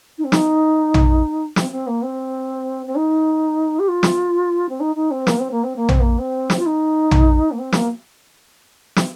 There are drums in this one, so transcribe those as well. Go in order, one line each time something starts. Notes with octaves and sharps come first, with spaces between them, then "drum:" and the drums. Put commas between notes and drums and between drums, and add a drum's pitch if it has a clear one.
D#4
C4
D#4, drum: snare
drum: tom A#1
C4, drum: snare
C4
A#3
C4
C4
D#4
G4
F4
drum: snare
C4
D#4
D#4
C4
A#3, drum: snare
C4
A#3
C4
A#3
C4, drum: tom A#1
A#3
C4
drum: snare
F4
D#4
drum: tom A#1
A#3
C4
A#3, drum: snare
drum: snare